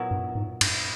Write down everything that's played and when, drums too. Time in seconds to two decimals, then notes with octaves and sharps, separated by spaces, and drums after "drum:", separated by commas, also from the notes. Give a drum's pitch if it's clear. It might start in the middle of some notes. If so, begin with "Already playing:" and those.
Already playing: A#2 F#3 B3 E4
0.11 G2
0.35 G#2
0.61 G2, drum: cymbal